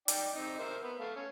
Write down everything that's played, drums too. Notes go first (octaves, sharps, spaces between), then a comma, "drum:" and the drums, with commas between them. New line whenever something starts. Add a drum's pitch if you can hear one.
D#4 D5 G5, drum: hi-hat
C4 D#4
A#4 C5 E5
B3
A3 F5
C#4